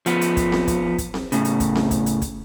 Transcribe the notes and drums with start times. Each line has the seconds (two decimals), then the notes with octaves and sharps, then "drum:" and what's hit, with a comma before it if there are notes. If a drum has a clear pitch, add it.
0.06 F3 B3, drum: hi-hat
0.21 drum: hi-hat
0.37 drum: kick, hi-hat
0.52 drum: snare C4
0.68 drum: kick, hi-hat
0.98 drum: kick, hi-hat
1.14 drum: snare C4
1.32 A2 C#3, drum: hi-hat
1.45 drum: hi-hat
1.60 drum: kick, hi-hat
1.75 drum: snare C4
1.91 drum: kick, hi-hat
2.06 drum: hi-hat
2.22 drum: kick, hi-hat